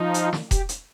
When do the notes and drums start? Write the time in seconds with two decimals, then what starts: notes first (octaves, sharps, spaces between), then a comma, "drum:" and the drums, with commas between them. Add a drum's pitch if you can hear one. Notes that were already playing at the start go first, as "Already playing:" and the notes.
Already playing: F3 D#4
0.14 F4, drum: hi-hat
0.33 drum: snare
0.51 G4, drum: kick E1, hi-hat
0.69 drum: hi-hat